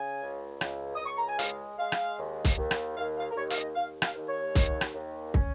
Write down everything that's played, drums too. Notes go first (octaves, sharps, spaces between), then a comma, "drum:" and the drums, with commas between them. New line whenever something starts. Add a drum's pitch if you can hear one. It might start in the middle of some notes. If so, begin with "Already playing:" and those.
Already playing: C#3 G#5
C#2
C#2, drum: rim click
D#6
C#2
C#6
A#5
G#5
G#3 F5, drum: hi-hat
G#3 F5
drum: rim click
D#2
drum: kick, hi-hat
D#2
drum: rim click
D#2 F5
F5
A#4
D#2 C#5
F5, drum: hi-hat
D#5
D#2 F5
F5, drum: rim click
D#2
C#5
D#2, drum: kick, hi-hat
drum: rim click
D#2
C#4, drum: kick